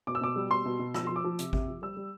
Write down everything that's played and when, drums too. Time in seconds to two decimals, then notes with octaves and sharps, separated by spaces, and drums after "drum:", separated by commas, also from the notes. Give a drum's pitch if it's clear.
0.07 B2 D6
0.15 E6
0.21 B2 D6
0.36 G3
0.50 B2 C6
0.65 B2
0.79 B2
0.94 F3 E6, drum: rim click
1.07 F3 C6
1.16 D6
1.24 F3
1.39 C3, drum: hi-hat
1.53 C3, drum: kick G#1
1.67 F3
1.82 G3 E6
1.97 G3